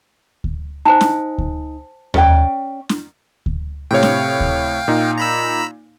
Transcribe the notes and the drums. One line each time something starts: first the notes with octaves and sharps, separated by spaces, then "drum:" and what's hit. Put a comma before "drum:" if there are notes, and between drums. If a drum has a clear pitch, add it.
drum: kick D2
D#4 C5 G#5 A5
drum: snare
drum: kick D2
C#4 D5 G5, drum: tom D#2
drum: snare
drum: kick D2
A2 C3 C#5 F5 G5
drum: snare
drum: kick D2
A#2 D#4
A#5 B5 E6